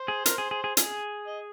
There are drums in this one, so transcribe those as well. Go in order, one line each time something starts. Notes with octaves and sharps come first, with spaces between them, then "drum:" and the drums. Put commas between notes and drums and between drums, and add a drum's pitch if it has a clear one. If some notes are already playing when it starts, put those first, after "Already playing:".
Already playing: C5
G#4
A#4, drum: hi-hat
G#4
G#4
G#4
G#4, drum: hi-hat
D#5